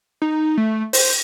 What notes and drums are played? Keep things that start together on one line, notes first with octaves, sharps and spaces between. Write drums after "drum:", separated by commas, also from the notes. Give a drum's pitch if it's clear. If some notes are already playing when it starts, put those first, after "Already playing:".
D#4
A3
C5, drum: open hi-hat